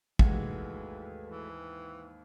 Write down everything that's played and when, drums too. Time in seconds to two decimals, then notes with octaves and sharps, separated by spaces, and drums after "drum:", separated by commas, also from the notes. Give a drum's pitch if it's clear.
0.19 D#2 G#2 E3 G#3 A3 F#4 A4 B4, drum: kick
1.27 E3